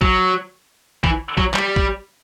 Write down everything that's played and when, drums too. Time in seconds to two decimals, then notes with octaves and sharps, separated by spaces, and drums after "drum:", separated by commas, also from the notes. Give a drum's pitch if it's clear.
0.01 F#3, drum: kick
1.04 E3, drum: kick
1.37 F#3, drum: kick
1.54 G3, drum: clap
1.76 drum: kick